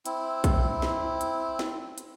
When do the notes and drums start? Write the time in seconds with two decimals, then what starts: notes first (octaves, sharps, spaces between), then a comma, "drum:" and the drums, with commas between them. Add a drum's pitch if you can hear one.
0.06 C4 E4, drum: hi-hat
0.44 drum: kick B1, hi-hat
0.82 drum: snare
1.21 drum: hi-hat
1.59 drum: snare
1.98 drum: hi-hat